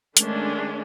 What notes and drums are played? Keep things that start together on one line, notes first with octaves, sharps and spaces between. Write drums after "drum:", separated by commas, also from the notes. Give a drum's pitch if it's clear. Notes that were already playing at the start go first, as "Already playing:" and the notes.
D#3 G#3 A3 C#4 D4, drum: hi-hat